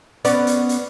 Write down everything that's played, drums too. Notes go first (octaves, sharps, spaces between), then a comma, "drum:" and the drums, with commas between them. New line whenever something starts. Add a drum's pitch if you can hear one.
B3 C#4 D5, drum: hi-hat
drum: hi-hat
drum: hi-hat